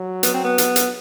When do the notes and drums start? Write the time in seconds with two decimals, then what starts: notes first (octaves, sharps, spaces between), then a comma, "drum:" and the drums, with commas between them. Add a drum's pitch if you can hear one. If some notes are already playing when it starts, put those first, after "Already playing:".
Already playing: F#3
0.23 B3, drum: hi-hat
0.34 C4
0.44 B3
0.58 drum: hi-hat
0.76 drum: hi-hat